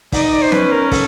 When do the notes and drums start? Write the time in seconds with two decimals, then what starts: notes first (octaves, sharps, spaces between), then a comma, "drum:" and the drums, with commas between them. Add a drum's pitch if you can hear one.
0.12 D#4 D5, drum: kick, open hi-hat
0.22 D#5
0.33 D5
0.42 C5
0.52 C#4 B4, drum: snare B3
0.72 A#4
0.92 A4, drum: kick, open hi-hat